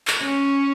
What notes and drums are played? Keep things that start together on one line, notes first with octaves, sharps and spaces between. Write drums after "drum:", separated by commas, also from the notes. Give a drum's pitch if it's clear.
drum: clap
C#4